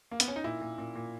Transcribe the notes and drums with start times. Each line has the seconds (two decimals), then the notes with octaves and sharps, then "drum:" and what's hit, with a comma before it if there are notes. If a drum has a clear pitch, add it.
0.11 A#3
0.20 B3, drum: hi-hat
0.28 C#4
0.36 D#4
0.44 A#2 E4
0.61 A#2
0.78 A#2
0.95 A#2